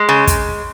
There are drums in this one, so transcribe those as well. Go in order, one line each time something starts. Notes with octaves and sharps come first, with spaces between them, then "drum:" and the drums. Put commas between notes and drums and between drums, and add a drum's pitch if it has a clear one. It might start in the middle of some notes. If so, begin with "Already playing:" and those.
Already playing: G#3
C#3
drum: kick, hi-hat